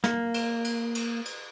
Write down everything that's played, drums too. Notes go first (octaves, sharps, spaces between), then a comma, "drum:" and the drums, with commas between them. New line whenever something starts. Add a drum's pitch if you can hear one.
A#3, drum: snare
drum: cymbal
drum: cymbal
drum: cymbal
drum: cymbal